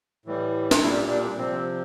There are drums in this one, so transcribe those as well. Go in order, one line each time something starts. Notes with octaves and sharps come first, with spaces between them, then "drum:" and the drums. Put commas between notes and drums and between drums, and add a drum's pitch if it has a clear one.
A2 E3 G3
drum: snare
A#2 G3 E4
D4
C3 F3 C4